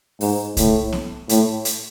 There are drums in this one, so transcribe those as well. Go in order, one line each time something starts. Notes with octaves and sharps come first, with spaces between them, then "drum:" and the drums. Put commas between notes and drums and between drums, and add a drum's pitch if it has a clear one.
G#2, drum: open hi-hat
A2, drum: kick C2, hi-hat
drum: snare B3
A2, drum: hi-hat
drum: hi-hat